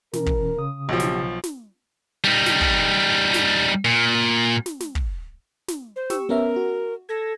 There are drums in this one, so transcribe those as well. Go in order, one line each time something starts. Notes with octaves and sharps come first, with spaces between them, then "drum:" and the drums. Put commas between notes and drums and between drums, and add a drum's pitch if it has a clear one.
B2 E3 C#4 A#4, drum: snare
drum: kick
C#3 D#6
B1 F3 F#4 G4
drum: snare
drum: snare
G3 D#4
drum: snare
drum: kick
drum: snare
A#2
drum: snare
drum: snare
drum: kick
drum: snare
C5
G4 C#6 E6, drum: snare
B3 C#4 A#4 E5
F#4
A4 G#6 A#6